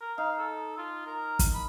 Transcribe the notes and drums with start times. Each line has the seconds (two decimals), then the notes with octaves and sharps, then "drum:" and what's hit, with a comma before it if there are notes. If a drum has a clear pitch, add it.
0.01 A#4
0.18 D#4 F5
0.38 A4
0.78 F4
1.07 A#4
1.39 drum: kick, hi-hat
1.54 B5